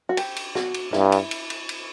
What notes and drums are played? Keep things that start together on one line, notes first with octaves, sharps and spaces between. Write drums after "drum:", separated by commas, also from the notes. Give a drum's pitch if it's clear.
F#4
G4, drum: cymbal
drum: cymbal
F#4, drum: snare
drum: cymbal
G2 E4, drum: snare
drum: cymbal
drum: cymbal
drum: cymbal
drum: cymbal